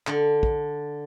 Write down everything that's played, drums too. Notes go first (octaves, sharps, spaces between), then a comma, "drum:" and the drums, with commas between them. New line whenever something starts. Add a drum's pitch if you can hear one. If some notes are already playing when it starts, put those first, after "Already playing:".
D3, drum: clap
drum: kick